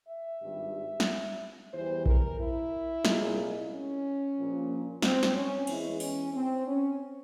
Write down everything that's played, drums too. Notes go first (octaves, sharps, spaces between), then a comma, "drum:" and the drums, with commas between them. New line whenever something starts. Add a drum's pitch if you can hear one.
E5
G#1 G2 G3
drum: snare
E2 E3 G3 C5
A#4, drum: kick A#1
E4
C2 A#2 G#3, drum: snare
C#4
A#1 A#2 F3
C4, drum: snare
drum: snare
C#4
E2 E3 G#3 E4, drum: cymbal
C#4, drum: open hi-hat
C4
C#4